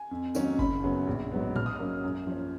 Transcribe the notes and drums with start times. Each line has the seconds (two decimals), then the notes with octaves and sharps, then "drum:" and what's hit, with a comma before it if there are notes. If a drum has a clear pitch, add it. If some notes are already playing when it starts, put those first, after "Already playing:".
Already playing: G#5
0.11 F2
0.35 D#3 F#3 A#3 C#4, drum: tambourine
0.59 F#1 B5, drum: kick G1
0.83 F#2 C#3 F#3 B3
1.07 A#1
1.31 G#2 F#3 B3
1.56 G#2 F6, drum: tom A2
1.66 D#6
1.76 F#3 A#3 C#4 F6
2.04 F#2
2.27 F3 A#3 C#4